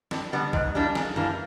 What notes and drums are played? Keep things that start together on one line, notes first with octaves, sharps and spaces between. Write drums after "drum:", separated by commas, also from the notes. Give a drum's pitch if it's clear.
G2, drum: snare
D3 G3 B3
G#2, drum: kick
E3 G3 A#3 D4
G#2, drum: snare
E3 G3 A#3 D4, drum: tom F#2